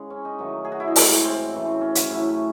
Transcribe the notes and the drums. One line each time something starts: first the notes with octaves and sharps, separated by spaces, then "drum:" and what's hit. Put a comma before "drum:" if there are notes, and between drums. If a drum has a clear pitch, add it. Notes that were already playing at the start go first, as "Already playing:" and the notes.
Already playing: C#3 G#3
C#4
D#4
D#3 F#3 A3
G#4
F#4
E4
D#4
A2 E3 G#3 C#4, drum: open hi-hat
C4
C#3 E3 A3
C#4
drum: hi-hat
A2 F#3 A3 E4